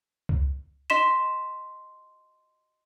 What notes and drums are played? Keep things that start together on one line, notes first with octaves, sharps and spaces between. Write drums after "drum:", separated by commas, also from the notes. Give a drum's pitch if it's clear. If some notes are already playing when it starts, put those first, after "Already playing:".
drum: kick C#2
D#5 C6 B6 E7